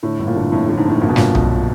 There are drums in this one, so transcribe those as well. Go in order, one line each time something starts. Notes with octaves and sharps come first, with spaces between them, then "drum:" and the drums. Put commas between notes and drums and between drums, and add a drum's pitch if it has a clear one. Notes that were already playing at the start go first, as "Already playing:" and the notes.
A2 D3
G1
A#2
D3
F2 A2
A2 D3
G#2
F2 A2
G1 A#2
B2
G1 A#2, drum: snare
F2, drum: tom B1